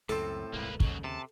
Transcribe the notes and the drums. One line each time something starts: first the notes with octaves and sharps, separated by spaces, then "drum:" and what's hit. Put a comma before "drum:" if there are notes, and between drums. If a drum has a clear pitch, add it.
C#2 F#2 A2 C4 A4
D#1 C2 G#2 A#3 B4
D#2 G#2 C#3 F#3, drum: kick
C3 A5